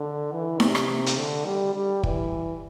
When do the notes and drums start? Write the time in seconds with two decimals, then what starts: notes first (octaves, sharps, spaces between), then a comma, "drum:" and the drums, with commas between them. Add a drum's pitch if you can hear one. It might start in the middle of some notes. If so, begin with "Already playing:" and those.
Already playing: D3
0.32 E3
0.60 C3, drum: snare
0.75 drum: rim click
1.06 drum: hi-hat
1.17 D3
1.46 G3
1.74 G3
2.03 E3, drum: kick